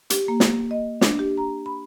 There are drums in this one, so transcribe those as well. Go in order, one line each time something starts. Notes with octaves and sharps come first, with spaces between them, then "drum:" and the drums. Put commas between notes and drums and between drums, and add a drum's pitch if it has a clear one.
G4, drum: hi-hat
A#3
drum: snare
D#5
D4, drum: snare
G4
A#5
B5